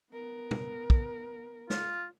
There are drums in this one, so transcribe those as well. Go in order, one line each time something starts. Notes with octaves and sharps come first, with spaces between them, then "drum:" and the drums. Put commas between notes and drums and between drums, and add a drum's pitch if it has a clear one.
B3 A#4
drum: tom
drum: kick
F4, drum: snare